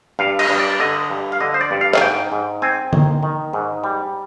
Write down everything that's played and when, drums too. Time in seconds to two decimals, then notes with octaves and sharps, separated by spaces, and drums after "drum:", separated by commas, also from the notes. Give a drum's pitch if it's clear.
0.19 G2 F5
0.39 D#5, drum: cymbal
0.50 G2
0.60 D5
0.80 D3 D#5
1.10 G2
1.32 F5
1.40 D3 D#5
1.54 C5
1.61 D5
1.71 G2
1.81 F5
1.94 F5, drum: clap
2.01 G#2 G5
2.32 G#2
2.62 C4 G#5
2.93 D#3, drum: tom D3
3.23 D#3
3.53 G#2
3.84 G3